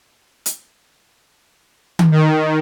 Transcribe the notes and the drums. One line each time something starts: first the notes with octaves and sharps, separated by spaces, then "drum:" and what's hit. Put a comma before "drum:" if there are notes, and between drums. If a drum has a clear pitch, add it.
drum: hi-hat
drum: tom D#3
D#3